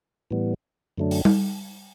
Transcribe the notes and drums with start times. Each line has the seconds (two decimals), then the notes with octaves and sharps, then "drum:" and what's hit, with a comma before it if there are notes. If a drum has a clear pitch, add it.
0.31 A2 E3 G3 B3
0.98 F#2 D3 F#3 A3 D4
1.11 drum: open hi-hat
1.25 drum: tom G3